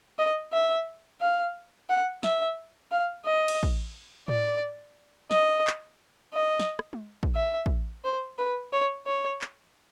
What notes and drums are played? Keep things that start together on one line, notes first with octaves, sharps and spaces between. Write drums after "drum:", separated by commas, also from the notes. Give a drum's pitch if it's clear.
D#5
E5
F5
F#5
E5, drum: snare
F5
D#5
drum: cymbal
drum: kick
D5, drum: tom A2
D#5, drum: snare
drum: clap
D#5
drum: snare
drum: rim click
drum: tom G#3
drum: kick
E5
drum: kick
C5
B4
C#5
C#5
drum: clap